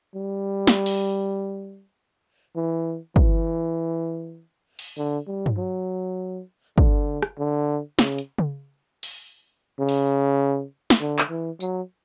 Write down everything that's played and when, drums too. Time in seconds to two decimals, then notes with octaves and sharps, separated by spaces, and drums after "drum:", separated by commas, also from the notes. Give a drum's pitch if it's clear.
0.15 G3
0.67 drum: snare
0.86 drum: open hi-hat
2.56 E3
3.16 E3, drum: kick
4.79 drum: open hi-hat
4.97 D3
5.27 G3
5.46 drum: tom G2
5.57 F#3
6.78 D3, drum: kick
7.22 drum: rim click
7.38 D3
7.99 C#3, drum: snare
8.18 drum: hi-hat
8.38 drum: tom C#3
9.03 drum: open hi-hat
9.79 C#3
9.89 drum: open hi-hat
10.90 drum: snare
11.00 D3
11.19 drum: clap
11.29 E3
11.60 F#3, drum: tambourine